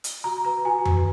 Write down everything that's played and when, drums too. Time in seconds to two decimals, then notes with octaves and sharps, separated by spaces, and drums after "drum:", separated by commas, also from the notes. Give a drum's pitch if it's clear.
0.04 drum: hi-hat
0.24 F#4 A#5
0.45 B4 A#5
0.65 F#4 G#5
0.85 B4, drum: tom F2